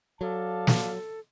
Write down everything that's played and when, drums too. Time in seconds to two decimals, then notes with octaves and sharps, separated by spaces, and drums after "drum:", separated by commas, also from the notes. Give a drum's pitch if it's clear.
0.21 F#3 A4 D5 F5 A5
0.67 drum: snare